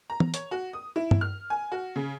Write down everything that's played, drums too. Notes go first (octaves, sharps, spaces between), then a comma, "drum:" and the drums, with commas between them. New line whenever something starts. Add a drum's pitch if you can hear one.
A#5
drum: tom E3
C#5, drum: hi-hat
F#4
D#6
E4
drum: tom G2
F6
G#5
F#4
C#3